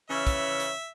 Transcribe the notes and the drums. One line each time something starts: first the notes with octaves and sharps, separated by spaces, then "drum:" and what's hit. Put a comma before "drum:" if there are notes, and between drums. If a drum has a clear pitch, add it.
C#3 E3 C#4 E5
drum: kick, hi-hat
drum: hi-hat